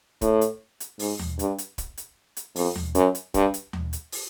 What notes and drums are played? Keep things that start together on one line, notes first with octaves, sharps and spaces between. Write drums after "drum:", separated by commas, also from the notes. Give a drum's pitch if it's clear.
A2, drum: kick, hi-hat
drum: hi-hat
drum: hi-hat
G#2, drum: open hi-hat
drum: tom D#2
G2, drum: hi-hat
drum: hi-hat
drum: kick, hi-hat
drum: hi-hat
drum: hi-hat
F2, drum: open hi-hat
drum: tom D#2
F#2, drum: hi-hat
drum: hi-hat
G2, drum: kick, hi-hat
drum: hi-hat
drum: tom D#2
drum: hi-hat
drum: open hi-hat